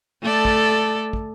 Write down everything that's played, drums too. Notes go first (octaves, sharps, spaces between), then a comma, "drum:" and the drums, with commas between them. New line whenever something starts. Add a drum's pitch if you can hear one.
A3 A4 D5
drum: kick
drum: kick